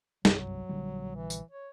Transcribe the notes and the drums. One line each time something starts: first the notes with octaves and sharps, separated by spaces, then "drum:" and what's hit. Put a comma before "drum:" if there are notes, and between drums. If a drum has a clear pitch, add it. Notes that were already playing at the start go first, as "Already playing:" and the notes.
F#1 C2 G2 F#3, drum: snare
A#1 D3 G3
E3
drum: tambourine
C#5